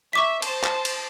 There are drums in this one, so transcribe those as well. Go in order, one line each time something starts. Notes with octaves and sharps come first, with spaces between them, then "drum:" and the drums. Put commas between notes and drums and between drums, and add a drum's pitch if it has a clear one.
E5 C#6 D6 B6
C5 A5, drum: cymbal
drum: clap
drum: cymbal